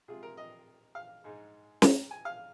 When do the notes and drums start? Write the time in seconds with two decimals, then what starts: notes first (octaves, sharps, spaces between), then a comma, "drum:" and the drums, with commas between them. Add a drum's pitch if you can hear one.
0.08 C3 G#3 F4 G#4
0.23 A#4
0.37 D#5
0.95 F5
1.24 G#2 G#3 D#4
1.82 A#5, drum: snare
2.11 G#5
2.25 F5